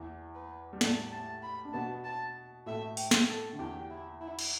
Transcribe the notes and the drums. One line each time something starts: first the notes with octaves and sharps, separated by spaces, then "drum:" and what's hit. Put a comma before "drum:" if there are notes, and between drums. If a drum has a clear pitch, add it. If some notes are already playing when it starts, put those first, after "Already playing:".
Already playing: E2 E3
B4
G3
A2 A3 D5, drum: snare
A5
B5
D4
B2 B3 A5
A5
A2 A3 E5
G5, drum: open hi-hat
drum: snare
A4
D3
E2 E3 G4
E4
E4
drum: cymbal